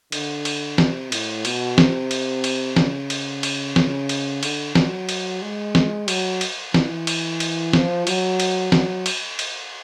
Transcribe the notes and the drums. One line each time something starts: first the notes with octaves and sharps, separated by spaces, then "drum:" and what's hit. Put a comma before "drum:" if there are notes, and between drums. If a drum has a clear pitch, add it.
D3, drum: cymbal
drum: cymbal
C3, drum: snare
A2, drum: cymbal
B2, drum: cymbal
C3, drum: snare
drum: cymbal
drum: cymbal
C#3, drum: snare
drum: cymbal
drum: cymbal
C#3, drum: snare
drum: cymbal
D3, drum: cymbal
F#3, drum: snare
drum: cymbal
G#3
drum: snare
F#3, drum: cymbal
drum: cymbal
E3, drum: snare
drum: cymbal
drum: cymbal
F3, drum: snare
F#3, drum: cymbal
drum: cymbal
F#3, drum: snare
drum: cymbal
drum: cymbal